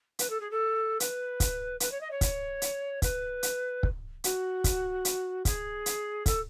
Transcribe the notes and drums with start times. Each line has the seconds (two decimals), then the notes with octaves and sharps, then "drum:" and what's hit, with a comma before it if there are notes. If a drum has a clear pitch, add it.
0.19 B4, drum: hi-hat
0.30 A4
0.40 G#4
0.51 A4
1.00 B4, drum: hi-hat
1.40 drum: kick, hi-hat
1.80 B4, drum: hi-hat
1.91 C#5
2.00 D#5
2.11 C#5
2.21 drum: kick, hi-hat
2.62 drum: hi-hat
3.02 B4, drum: kick, hi-hat
3.43 drum: hi-hat
3.83 drum: kick
4.24 F#4, drum: hi-hat
4.64 drum: kick, hi-hat
5.05 drum: hi-hat
5.45 G#4, drum: kick, hi-hat
5.86 drum: hi-hat
6.26 A4, drum: kick, hi-hat